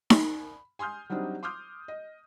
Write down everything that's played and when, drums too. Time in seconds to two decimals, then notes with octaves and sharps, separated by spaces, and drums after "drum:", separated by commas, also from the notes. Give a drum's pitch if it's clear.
0.10 B5, drum: snare D#4
0.79 G#5 C6 D#6 F6 G6
1.10 F#3 G3 C4 D4 D#4
1.43 C6 D6 D#6 F6 G6
1.88 D#5